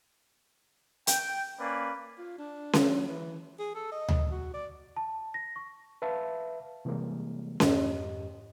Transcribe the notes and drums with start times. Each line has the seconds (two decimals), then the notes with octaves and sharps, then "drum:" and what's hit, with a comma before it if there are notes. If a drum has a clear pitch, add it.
1.07 G5, drum: hi-hat
1.58 A#3 C#4 B4 D5
2.18 F4
2.38 D4
2.73 drum: snare C#4
2.84 F#3
3.08 E3
3.59 G#4
3.75 A4
3.92 D#5
4.08 drum: tom D2
4.31 F#4
4.54 D5
4.96 A5
5.34 A#6
5.56 C#6
6.02 B4 E5 F5 A5
6.85 C3 E3 G3 G#3 A#3
7.60 F2 G#2 G4 D#5, drum: snare C#4